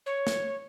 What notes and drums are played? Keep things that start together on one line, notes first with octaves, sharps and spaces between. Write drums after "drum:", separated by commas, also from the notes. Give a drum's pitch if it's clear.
C#5
drum: snare